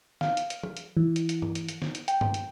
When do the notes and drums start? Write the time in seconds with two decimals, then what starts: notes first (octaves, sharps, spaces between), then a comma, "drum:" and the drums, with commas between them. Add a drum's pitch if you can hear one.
0.21 F5, drum: snare
0.37 drum: hi-hat
0.50 drum: hi-hat
0.63 drum: tom F3
0.77 drum: hi-hat
0.97 E3
1.16 drum: hi-hat
1.29 drum: hi-hat
1.42 drum: tom G2
1.55 drum: hi-hat
1.69 drum: hi-hat
1.82 drum: snare
1.95 drum: hi-hat
2.08 G5, drum: hi-hat
2.21 drum: tom G2
2.34 drum: hi-hat